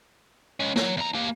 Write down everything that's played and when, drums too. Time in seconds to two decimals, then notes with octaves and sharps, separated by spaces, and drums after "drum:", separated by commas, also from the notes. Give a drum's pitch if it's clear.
0.60 G#3 C#4
0.76 F#3, drum: snare
0.97 E2 A#5
1.15 A#3 G4